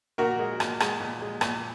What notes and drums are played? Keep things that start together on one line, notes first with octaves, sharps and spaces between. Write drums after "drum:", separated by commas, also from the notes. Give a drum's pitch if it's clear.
A#2 F#4 A#4
G#3
A#2, drum: rim click
G#3, drum: rim click
A#2
G#3
A#2, drum: rim click